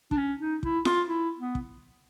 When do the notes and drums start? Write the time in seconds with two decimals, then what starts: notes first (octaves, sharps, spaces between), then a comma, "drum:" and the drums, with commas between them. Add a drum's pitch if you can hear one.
0.11 D4, drum: kick
0.17 C#4
0.39 D#4
0.63 E4, drum: kick
0.85 F4, drum: snare F4
1.08 E4
1.38 B3
1.55 drum: kick